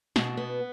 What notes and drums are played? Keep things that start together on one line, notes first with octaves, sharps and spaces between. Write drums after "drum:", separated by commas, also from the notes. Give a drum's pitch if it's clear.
B2, drum: snare
B3